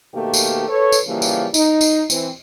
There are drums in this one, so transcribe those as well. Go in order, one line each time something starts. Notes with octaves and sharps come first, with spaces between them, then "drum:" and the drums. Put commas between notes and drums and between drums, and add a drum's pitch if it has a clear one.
D#2 B2 D#3 A3 A#3 G4
drum: tambourine
A4 B4 C#5
drum: tambourine
C#3 E3 F3 G3 A#3
drum: tambourine
D#4, drum: tambourine
drum: tambourine
E3 C4, drum: tambourine